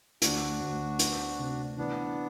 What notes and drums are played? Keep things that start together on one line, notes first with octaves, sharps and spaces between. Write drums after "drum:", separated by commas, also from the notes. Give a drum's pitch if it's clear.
D2 D4 F#4, drum: hi-hat
D2
B3, drum: hi-hat
C3
E3 B3 D4